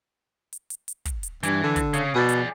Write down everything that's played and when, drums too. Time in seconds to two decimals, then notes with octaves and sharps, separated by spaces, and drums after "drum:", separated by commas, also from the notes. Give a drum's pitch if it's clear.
0.53 drum: hi-hat
0.70 drum: hi-hat
0.88 drum: hi-hat
1.05 drum: kick, hi-hat
1.23 drum: hi-hat
1.43 G2 E3, drum: hi-hat
1.63 D3
1.76 drum: kick, hi-hat
1.93 C#3, drum: hi-hat
2.15 B2 G#4 D5
2.29 drum: hi-hat